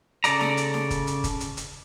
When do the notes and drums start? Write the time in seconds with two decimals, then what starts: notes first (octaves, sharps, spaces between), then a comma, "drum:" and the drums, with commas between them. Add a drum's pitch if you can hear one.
0.24 C#3 A4 D5 A#5, drum: hi-hat
0.41 drum: snare
0.57 drum: hi-hat
0.74 drum: snare
0.90 drum: kick, hi-hat
1.07 drum: hi-hat
1.24 drum: kick, hi-hat
1.40 drum: hi-hat
1.57 drum: hi-hat